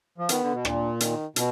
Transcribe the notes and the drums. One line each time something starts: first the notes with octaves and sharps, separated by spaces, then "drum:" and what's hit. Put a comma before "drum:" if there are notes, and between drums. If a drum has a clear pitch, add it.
F3
D#3 B3, drum: hi-hat
D3
B2
A#2 D4, drum: rim click
D#3, drum: hi-hat
B2, drum: hi-hat